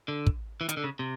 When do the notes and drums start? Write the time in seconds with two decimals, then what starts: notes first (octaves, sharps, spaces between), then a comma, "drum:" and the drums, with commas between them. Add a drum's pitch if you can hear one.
0.08 D3
0.27 drum: kick
0.61 E3
0.69 D#3, drum: hi-hat
0.77 D3
0.84 C#3
0.99 C3